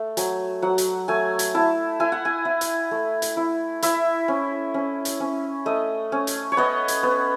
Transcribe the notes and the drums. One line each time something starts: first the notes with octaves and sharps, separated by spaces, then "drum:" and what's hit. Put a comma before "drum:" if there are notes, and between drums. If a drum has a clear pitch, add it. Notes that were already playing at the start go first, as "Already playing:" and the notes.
Already playing: A3
F#3 G#5, drum: hi-hat
F#3 F#5
drum: hi-hat
A3 G#5
drum: hi-hat
E4 A5
E4 G#5
F#5
G#5
E4
drum: hi-hat
A3
drum: hi-hat
E4
E4 E5, drum: hi-hat
C#4
C#4
drum: hi-hat
C#4
A3 D#5
C#4
drum: hi-hat
C#5
B3 D#5
drum: hi-hat
B3